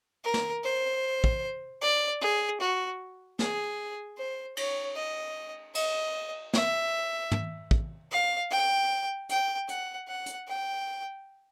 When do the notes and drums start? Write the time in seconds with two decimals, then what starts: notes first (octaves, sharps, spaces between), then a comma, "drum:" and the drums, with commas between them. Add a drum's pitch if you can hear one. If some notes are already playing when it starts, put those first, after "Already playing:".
0.24 A#4
0.34 drum: snare
0.64 C5
1.24 drum: kick
1.82 D5
2.21 G#4
2.60 F#4
3.39 G#4, drum: snare
4.18 C5
4.57 C#5, drum: cymbal
4.96 D#5
5.75 D#5, drum: cymbal
6.54 E5, drum: snare
7.31 drum: tom
7.71 drum: kick
8.11 F5
8.51 G5
9.29 G5, drum: hi-hat
9.69 F#5, drum: hi-hat
10.08 F#5
10.26 drum: hi-hat
10.48 G5